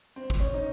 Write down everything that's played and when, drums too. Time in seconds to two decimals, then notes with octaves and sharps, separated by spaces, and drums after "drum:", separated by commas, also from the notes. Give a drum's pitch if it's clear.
0.16 C4
0.30 drum: kick
0.40 C#4
0.54 D#4